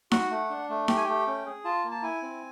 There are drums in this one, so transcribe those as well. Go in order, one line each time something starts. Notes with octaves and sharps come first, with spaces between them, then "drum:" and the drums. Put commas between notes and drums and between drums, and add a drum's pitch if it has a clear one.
F#4 F#5, drum: snare D#4
A3
D4
A3
G4 G5, drum: snare D#4
G#5
A3 G5
C#4
G#4
F4 A5
A#3
A5
E4 G#5
C4